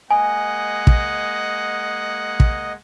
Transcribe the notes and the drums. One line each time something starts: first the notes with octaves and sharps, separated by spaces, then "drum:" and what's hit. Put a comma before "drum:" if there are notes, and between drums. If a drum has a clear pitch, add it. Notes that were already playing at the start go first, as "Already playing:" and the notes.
G#3 A#3 D#5 F#5 G#5
drum: kick
drum: kick